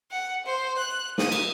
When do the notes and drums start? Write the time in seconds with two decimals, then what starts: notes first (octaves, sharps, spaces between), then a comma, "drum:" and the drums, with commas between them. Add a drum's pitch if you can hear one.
0.11 F#5
0.46 C5
0.77 F#6
1.18 D#6, drum: snare
1.32 drum: cymbal